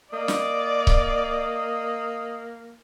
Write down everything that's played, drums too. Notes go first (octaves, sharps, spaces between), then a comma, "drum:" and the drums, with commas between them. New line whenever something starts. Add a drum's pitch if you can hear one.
A#3 D5 D#5
drum: snare
drum: kick C#1